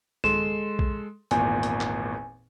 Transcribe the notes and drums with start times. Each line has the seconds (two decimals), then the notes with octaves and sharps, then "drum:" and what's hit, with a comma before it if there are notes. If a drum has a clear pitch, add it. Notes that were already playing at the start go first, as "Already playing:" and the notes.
0.24 G#3 A4 C6 E7, drum: tom
0.79 drum: kick
1.31 G#1 E2 A#2 G#5, drum: hi-hat
1.63 drum: hi-hat
1.81 drum: clap